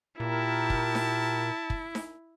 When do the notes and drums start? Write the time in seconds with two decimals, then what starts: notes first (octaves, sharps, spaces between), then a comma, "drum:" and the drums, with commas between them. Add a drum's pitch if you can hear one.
0.20 A#2 E4 G4 A#4 A5
0.70 drum: kick
0.95 drum: snare D#4
1.70 drum: kick
1.95 drum: snare D#4